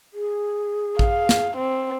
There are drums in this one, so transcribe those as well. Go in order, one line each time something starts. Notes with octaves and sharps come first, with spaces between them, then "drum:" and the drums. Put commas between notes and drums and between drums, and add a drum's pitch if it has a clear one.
G#4
F5, drum: kick A1
drum: snare
C4